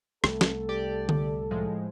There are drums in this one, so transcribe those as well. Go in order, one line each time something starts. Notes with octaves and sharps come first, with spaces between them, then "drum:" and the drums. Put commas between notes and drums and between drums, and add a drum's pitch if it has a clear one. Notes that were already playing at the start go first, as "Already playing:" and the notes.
C2 A3 A4, drum: rim click
drum: snare
G4 D5
drum: tom D3
A2 F3 G#3